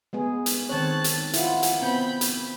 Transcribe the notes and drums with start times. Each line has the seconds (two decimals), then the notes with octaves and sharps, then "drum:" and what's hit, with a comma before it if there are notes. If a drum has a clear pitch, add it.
0.13 G#3 B3 G#4
0.46 drum: hi-hat
0.69 D#3 C4 C#5 A5 F#6
1.04 drum: hi-hat
1.33 E4 F4 F#5, drum: hi-hat
1.63 drum: hi-hat
1.82 B3 C4 B5 G6
2.21 drum: hi-hat